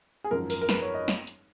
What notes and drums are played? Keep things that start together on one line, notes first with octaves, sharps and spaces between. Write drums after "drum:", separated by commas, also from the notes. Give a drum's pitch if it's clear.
G#4
G#1 F#2 F3 A#4
A#4, drum: open hi-hat
A#4
B4, drum: snare
C#5
D#5
drum: snare
drum: hi-hat